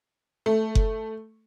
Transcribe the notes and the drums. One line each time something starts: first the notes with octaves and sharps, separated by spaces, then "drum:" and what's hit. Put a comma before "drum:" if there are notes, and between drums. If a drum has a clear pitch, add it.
A3
drum: kick F#1